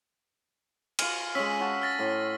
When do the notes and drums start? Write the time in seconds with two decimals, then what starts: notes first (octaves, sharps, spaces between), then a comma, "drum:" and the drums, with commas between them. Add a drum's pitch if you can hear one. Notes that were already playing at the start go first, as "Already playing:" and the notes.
0.99 F4 G#5 F6 D#7 F#7, drum: cymbal
1.35 G#3 C#4 E6 B6
1.60 F#4 A5
1.82 F6 A6 A#6
1.99 A2 C6